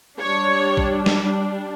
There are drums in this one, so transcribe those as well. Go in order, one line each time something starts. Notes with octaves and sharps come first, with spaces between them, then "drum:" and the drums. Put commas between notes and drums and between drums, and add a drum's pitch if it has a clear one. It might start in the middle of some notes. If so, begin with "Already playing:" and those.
G3 D4 C#5
drum: kick
drum: snare